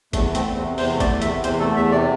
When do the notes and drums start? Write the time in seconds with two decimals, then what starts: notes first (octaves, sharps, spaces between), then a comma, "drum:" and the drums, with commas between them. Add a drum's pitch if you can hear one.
0.13 E2 A3, drum: kick, hi-hat
0.29 A3
0.35 C4, drum: hi-hat
0.45 E2
0.57 C4
0.62 C3
0.78 E2 C5, drum: open hi-hat
0.95 A3
1.00 D5, drum: kick, hi-hat
1.11 E2
1.22 E5, drum: hi-hat
1.26 C3
1.44 E2 C5, drum: hi-hat
1.60 A3 A4
1.76 E2 E5
1.92 C3 D5